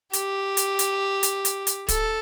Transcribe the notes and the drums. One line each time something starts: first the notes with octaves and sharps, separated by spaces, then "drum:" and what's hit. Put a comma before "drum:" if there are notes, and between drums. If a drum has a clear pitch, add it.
G4, drum: hi-hat
drum: hi-hat
drum: hi-hat
drum: hi-hat
drum: hi-hat
drum: hi-hat
A4, drum: kick, hi-hat